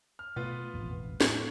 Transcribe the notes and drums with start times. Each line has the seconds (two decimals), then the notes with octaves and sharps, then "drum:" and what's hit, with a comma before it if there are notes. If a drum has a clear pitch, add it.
0.19 F6
0.36 B2 A3 B3 F4 B4
0.74 E1 A1 F2
1.21 A2 C#6 A6 C#7, drum: snare